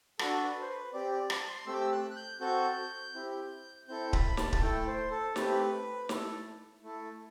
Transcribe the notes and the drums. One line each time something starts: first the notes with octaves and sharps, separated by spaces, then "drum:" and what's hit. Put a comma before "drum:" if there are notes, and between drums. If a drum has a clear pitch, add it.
D4 F#4 A4, drum: rim click
B4
C5
B4
C4 G4 D5
D5
A5, drum: rim click
C6
A3 C4 G4 E6
D6
E6
F#6
F#6
G6
C4 F#4 A4 G6
C4 E4 G4
C4 E4 A4 G6
B5, drum: kick D1
A5, drum: snare
A5, drum: kick D1
A3 E4 A4 G5
C5
A4
A3 C4 G4 B4, drum: snare
A3 E4 A4, drum: snare
A3 E4 A4